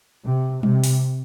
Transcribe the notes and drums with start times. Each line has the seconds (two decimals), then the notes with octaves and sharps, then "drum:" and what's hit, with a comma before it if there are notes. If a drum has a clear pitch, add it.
0.24 C3
0.63 C3, drum: tom G3
0.84 drum: open hi-hat